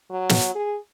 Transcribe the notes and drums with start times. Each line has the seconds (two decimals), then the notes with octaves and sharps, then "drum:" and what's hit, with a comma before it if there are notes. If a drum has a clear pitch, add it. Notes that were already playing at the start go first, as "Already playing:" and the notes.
0.11 F#3
0.29 drum: snare
0.55 G#4